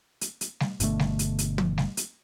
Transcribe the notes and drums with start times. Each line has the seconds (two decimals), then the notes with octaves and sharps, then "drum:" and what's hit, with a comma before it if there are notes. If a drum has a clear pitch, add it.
0.21 drum: hi-hat
0.41 drum: hi-hat
0.60 drum: snare G3
0.80 G1 B2 D3 A3, drum: hi-hat
0.99 drum: snare G3
1.19 drum: hi-hat
1.39 drum: hi-hat
1.58 drum: tom
1.78 drum: snare G3
1.97 drum: hi-hat